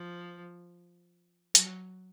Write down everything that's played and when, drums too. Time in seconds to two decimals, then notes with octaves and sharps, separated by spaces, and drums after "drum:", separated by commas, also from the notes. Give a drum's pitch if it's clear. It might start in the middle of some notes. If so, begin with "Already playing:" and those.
Already playing: F3
1.55 F#3, drum: hi-hat